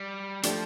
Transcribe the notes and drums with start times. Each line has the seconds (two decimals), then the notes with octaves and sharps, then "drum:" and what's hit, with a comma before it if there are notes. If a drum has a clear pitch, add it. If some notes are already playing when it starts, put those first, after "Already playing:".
Already playing: G3
0.43 F3 A3 D4 G4, drum: hi-hat